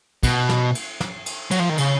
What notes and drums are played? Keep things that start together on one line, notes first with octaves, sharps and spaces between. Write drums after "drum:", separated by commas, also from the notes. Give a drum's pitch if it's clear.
B2, drum: kick, cymbal
drum: snare
drum: cymbal
drum: snare
drum: cymbal
F#3, drum: cymbal
F3
D#3
C#3, drum: cymbal